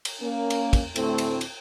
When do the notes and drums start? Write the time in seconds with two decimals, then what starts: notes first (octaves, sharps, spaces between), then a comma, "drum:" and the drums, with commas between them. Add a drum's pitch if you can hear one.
0.05 drum: cymbal
0.21 A#3 C#4
0.50 drum: cymbal
0.73 drum: kick, cymbal
0.96 D2 A2 A3 C4, drum: cymbal
1.18 drum: cymbal
1.41 drum: cymbal